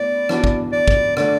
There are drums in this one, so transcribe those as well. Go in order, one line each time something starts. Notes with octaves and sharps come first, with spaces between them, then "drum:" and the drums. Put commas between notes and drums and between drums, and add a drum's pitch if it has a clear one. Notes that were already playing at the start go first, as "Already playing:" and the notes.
Already playing: A2 B3 D5
E3 B3 D4 F#4, drum: rim click
drum: kick
D5
drum: kick
D3 A3 D4 D5, drum: rim click